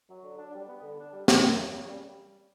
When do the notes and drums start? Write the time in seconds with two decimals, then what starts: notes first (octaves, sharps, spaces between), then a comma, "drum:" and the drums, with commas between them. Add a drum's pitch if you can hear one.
0.09 F#3
0.24 D3
0.38 D4
0.54 G3
0.69 B3
0.83 D3
0.98 D4
1.13 G3
1.28 B3, drum: snare
1.43 F#2
1.58 F#2
1.72 C#3
1.88 G3